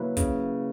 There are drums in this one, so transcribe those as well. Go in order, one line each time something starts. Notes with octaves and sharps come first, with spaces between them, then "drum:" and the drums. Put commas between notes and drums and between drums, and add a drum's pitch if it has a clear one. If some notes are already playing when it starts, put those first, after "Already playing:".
Already playing: C#3 F#3 A#3 E4 B4
C#3, drum: kick, hi-hat